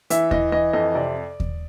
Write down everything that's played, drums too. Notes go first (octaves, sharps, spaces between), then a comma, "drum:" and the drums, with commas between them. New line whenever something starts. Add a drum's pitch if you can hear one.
E3 E5, drum: hi-hat
E3 D#5, drum: kick D#2
E3 D#5
F2 D#5
C3 D5
drum: kick D#2